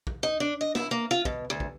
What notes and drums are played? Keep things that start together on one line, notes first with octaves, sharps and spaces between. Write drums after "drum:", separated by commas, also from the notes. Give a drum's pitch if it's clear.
drum: kick
D#4
D4
D#5
E4, drum: snare
A#3
F4
B2, drum: kick
D2
drum: kick